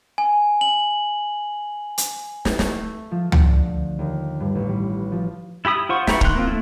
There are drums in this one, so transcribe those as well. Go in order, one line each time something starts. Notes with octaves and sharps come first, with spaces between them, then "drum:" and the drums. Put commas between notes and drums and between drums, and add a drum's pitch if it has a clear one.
G#5
F#7
drum: hi-hat
drum: snare
A3, drum: snare
E5
F3
F3, drum: tom
D3
D#2
G2
A1
G3
F3
E4 G4 B5 D#6
F4 C5 F#5 C6 C#6
E5 G5 A#5 B5 C#6, drum: snare
D#3 C6 F#6, drum: kick
A#3 C4 F4
A3 E4